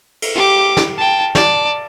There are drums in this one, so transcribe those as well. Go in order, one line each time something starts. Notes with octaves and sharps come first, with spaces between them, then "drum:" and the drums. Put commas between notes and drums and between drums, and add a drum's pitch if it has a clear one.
drum: cymbal
G4 D6
drum: snare
G5 A5
D5 A5, drum: snare